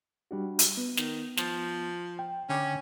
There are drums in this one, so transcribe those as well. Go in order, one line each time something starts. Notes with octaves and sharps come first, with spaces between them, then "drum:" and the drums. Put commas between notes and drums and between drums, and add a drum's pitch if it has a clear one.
G3 D4 F#4
drum: hi-hat
B3
D#3, drum: snare
F3, drum: snare
G5
D3 C#4 G5 D6